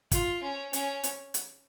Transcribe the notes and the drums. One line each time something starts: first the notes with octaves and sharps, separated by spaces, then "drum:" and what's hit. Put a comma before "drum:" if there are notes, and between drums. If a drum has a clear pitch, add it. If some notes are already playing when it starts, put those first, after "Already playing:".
F4, drum: kick, hi-hat
C#4
C#4, drum: hi-hat
drum: hi-hat
drum: hi-hat